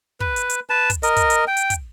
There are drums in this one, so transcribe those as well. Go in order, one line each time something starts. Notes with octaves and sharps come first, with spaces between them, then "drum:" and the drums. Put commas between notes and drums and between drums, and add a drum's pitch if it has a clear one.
B4, drum: kick
drum: hi-hat
drum: hi-hat
B4 A5
drum: kick, hi-hat
A#4 D#5, drum: hi-hat
drum: kick, hi-hat
drum: hi-hat
G5
drum: hi-hat
drum: kick, hi-hat